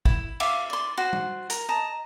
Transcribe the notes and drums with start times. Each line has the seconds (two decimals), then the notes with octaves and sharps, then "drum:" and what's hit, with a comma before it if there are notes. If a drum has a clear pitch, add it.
0.05 E4, drum: kick
0.40 E5 F5 D6, drum: cymbal
0.70 D5 C6
0.97 F#4 C5
1.13 drum: tom G3
1.50 A#4, drum: hi-hat
1.69 D#5 A5 A#5